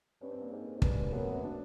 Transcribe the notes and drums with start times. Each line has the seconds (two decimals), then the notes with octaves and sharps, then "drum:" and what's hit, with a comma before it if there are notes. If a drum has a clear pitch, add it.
0.21 G2 C#4
0.31 C4
0.36 G2
0.42 A#3
0.52 G#2
0.77 G#2
0.82 G2 G#3, drum: kick
0.93 A3
1.03 A#3
1.13 F#2 B3
1.23 C4
1.34 C#4
1.43 D4